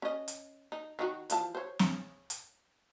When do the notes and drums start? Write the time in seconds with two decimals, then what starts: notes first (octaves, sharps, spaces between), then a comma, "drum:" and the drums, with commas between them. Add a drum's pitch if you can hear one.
0.02 C#4 D#5
0.28 drum: hi-hat
0.72 D#4
0.99 D#3 D#4 F#4
1.30 E3 F3 A5, drum: hi-hat
1.55 C5 C#5
1.79 drum: snare
2.30 drum: hi-hat